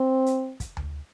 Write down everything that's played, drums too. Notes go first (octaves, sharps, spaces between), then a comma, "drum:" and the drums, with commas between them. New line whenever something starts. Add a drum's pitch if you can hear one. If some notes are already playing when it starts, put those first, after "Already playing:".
Already playing: C4
drum: hi-hat
drum: kick, hi-hat
drum: tom D2